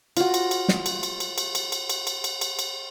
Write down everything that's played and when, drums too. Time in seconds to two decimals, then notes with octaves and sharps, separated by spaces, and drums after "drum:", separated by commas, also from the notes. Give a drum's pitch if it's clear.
0.17 F4 F#4, drum: cymbal
0.34 drum: cymbal
0.51 drum: cymbal
0.68 drum: snare
0.86 drum: cymbal
1.03 drum: cymbal
1.20 drum: cymbal
1.38 drum: cymbal
1.55 drum: cymbal
1.72 drum: cymbal
1.90 drum: cymbal
2.07 drum: cymbal
2.24 drum: cymbal
2.41 drum: cymbal
2.59 drum: cymbal